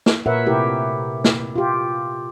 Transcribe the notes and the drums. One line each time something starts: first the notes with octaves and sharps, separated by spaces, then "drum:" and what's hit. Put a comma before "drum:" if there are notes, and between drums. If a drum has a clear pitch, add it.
drum: snare
A#2 A#4 B4 C#5 E5 F#5
C3 A3 E4 G4 A#4
drum: snare
F4 G4